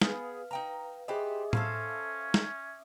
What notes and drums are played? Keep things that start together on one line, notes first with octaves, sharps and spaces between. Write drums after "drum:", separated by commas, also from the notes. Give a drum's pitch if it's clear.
B3 G#4 B4 F5 F6, drum: snare
D#4 G5 A#5
G4 G#4 B4 C5 D#5 E5 D6 D#6
C#4 A4 C5 F5 C7, drum: tom A2
drum: snare